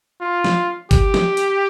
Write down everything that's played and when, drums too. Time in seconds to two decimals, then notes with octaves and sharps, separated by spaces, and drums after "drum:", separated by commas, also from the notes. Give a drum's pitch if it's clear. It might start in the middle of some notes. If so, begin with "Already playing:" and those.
0.21 F4
0.44 drum: snare
0.91 G4, drum: kick G1, hi-hat
1.14 drum: snare
1.37 drum: hi-hat